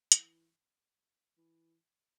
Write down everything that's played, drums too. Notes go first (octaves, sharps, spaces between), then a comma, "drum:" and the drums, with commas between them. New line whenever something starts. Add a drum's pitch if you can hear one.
E3, drum: hi-hat
E3